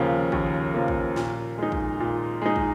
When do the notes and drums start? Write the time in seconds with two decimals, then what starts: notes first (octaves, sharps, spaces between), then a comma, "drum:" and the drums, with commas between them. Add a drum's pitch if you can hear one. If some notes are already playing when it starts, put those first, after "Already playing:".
Already playing: D#2 C#3 F3 A#3
0.32 D#2, drum: kick
0.74 C#3 F3 A#3
0.88 drum: kick
1.16 A#2, drum: snare
1.58 G#3 D#4
1.72 drum: kick
2.00 A#2
2.42 G#3 D#4
2.56 drum: kick